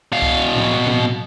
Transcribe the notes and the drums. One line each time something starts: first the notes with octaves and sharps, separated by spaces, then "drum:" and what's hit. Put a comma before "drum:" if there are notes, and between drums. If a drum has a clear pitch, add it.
B2 F5
drum: kick C2
drum: tom
drum: tom